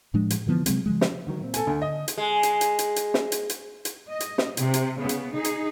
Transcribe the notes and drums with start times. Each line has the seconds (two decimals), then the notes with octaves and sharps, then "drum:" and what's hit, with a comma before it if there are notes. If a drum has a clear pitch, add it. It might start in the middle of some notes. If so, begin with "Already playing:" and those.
0.14 A2 F3 G#3 D4
0.30 drum: hi-hat
0.47 D3 E3 F3 B3
0.66 C3 F#3 G#3 C4, drum: hi-hat
0.86 C#3 F3 G#3
1.01 drum: snare
1.27 D3 D#3 F#3
1.41 A#2 C4
1.54 A4 G#5, drum: hi-hat
1.67 D2 D3
1.82 D#5
2.08 drum: hi-hat
2.18 G#3
2.43 drum: hi-hat
2.61 drum: hi-hat
2.79 drum: hi-hat
2.96 drum: hi-hat
3.14 drum: snare
3.32 drum: hi-hat
3.50 drum: hi-hat
3.85 drum: hi-hat
4.09 D#5
4.20 drum: hi-hat
4.38 drum: snare
4.57 C3, drum: hi-hat
4.74 drum: hi-hat
4.98 C#3 B3
5.09 drum: hi-hat
5.33 D#4 G#4
5.45 drum: hi-hat